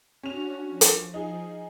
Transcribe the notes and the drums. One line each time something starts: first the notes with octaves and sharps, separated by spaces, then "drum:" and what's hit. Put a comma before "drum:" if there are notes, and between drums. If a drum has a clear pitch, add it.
C#4 D4 F#4 F7
F3
drum: hi-hat
D#4 G#4